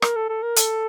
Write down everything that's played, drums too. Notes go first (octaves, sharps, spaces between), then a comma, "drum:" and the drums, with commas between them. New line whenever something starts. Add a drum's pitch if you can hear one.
A#4, drum: rim click
A4
A4
A#4
A4, drum: hi-hat